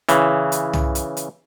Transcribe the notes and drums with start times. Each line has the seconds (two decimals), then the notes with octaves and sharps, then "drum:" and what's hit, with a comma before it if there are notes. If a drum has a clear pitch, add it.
0.09 C#3 E3, drum: hi-hat
0.52 drum: hi-hat
0.73 drum: tom
0.95 drum: hi-hat
1.17 drum: hi-hat